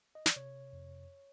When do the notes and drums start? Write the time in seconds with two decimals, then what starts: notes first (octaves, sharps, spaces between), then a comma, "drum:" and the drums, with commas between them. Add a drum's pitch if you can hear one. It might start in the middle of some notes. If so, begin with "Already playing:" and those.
0.15 D#5
0.26 D5, drum: snare
0.36 C3 C#5
0.73 F2